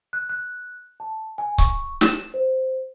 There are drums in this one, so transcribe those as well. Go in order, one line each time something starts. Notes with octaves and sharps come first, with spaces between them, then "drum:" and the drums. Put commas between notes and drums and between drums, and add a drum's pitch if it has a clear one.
F#6
F#6
A5
G#5
C#6, drum: kick C#1
E7, drum: snare
C5